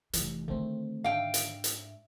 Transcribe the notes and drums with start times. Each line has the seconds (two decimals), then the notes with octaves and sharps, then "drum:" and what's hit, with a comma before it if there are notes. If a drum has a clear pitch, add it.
0.13 F1 E3, drum: hi-hat
0.48 D3 D#3 A3 C4
1.04 G#2 D4 E5 F5 G5
1.34 drum: hi-hat
1.64 drum: hi-hat